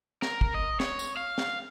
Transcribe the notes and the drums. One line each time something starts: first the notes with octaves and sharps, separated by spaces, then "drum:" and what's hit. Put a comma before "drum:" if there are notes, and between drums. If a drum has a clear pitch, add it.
A#4, drum: snare
drum: kick
D#5
C#5, drum: snare
drum: tambourine
F5
drum: snare